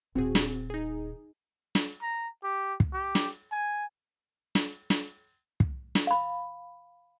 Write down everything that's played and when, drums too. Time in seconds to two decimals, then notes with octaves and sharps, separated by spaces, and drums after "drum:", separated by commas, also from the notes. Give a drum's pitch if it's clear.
0.15 D#1 C4 F#4 G#4
0.35 drum: snare
0.70 D#4 G#4
1.75 drum: snare
2.02 A#5
2.44 G4
2.80 drum: kick
2.93 G4
3.15 drum: snare
3.52 G#5
4.55 drum: snare
4.90 drum: snare
5.60 drum: kick
5.95 drum: snare
6.07 F5 B5